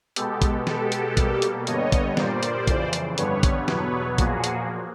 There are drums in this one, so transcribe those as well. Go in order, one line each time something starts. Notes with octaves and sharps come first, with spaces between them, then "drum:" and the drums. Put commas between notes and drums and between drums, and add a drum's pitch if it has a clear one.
B2 G#3 B3 G4 A4, drum: hi-hat
drum: kick A#1, hi-hat
B2 G#3 B3 G4 A4, drum: snare
drum: hi-hat
B2 G3 A#3, drum: kick A#1, hi-hat
drum: hi-hat
G2 D3 G3 B3 C#5 D#5, drum: hi-hat
drum: kick A#1, hi-hat
A#2 G3 A#3 C5 D5, drum: snare
drum: hi-hat
F2 C#3 E3, drum: kick A#1, hi-hat
drum: hi-hat
G2 D3 G3 B3 B4 C#5, drum: hi-hat
drum: kick A#1, hi-hat
E2 B2 F#3 B3 B4 C#5, drum: snare
A#2 F3 A#3 F#4 G#4, drum: kick A#1, hi-hat
drum: hi-hat